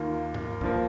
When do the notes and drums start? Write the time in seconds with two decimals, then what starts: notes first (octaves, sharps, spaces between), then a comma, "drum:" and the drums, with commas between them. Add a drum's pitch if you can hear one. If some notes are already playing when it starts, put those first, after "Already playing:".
Already playing: D#2 D#3 A#3 F4
0.34 drum: tom G2
0.61 G2 F3 A#3, drum: kick